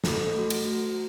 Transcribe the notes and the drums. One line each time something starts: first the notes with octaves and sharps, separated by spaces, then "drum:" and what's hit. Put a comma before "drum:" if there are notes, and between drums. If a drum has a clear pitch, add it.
A3 A4, drum: snare
A3 A4
A3 A4
F#4
drum: cymbal